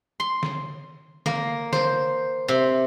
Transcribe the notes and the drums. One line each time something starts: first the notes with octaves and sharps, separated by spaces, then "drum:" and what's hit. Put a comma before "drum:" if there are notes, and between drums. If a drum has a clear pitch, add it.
C6
drum: snare
A#3, drum: snare
C5, drum: snare
C3